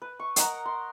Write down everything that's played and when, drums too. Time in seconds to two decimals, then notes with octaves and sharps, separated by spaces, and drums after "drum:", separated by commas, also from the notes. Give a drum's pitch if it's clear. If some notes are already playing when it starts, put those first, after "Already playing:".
0.02 B4
0.19 C#6
0.36 A#4 D#5 F#5 A#5, drum: hi-hat
0.66 C6